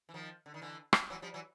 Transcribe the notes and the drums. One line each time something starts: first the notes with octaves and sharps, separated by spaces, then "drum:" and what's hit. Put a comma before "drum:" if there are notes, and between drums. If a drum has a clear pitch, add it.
E3
D#3 F3
D3
D#3
D3 E3
drum: rim click
E3 F#3
F3 G3
E3 F#3